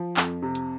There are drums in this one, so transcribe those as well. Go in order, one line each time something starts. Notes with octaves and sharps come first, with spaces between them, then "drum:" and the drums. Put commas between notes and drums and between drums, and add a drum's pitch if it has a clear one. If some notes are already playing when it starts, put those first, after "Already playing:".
Already playing: F3
F2, drum: clap
C3
drum: hi-hat